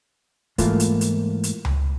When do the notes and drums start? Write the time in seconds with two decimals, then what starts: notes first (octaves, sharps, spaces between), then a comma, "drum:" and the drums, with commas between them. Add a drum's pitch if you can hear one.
0.58 G#2 E3 A3 A#3 F4 C6, drum: kick, hi-hat
0.80 drum: hi-hat
1.01 drum: hi-hat
1.43 drum: hi-hat
1.65 drum: tom C#2